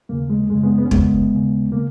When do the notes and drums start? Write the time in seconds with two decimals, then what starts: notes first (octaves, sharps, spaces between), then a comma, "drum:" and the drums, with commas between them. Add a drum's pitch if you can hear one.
0.09 D#2 C#3 A#3
0.30 G#3
0.49 F#2 C#3 G#3
0.63 G#3 B3
0.78 B3
0.85 C#4
0.91 F#2 C#3 G#3 B3, drum: kick
1.32 D#2 C#3
1.72 C#3 A#3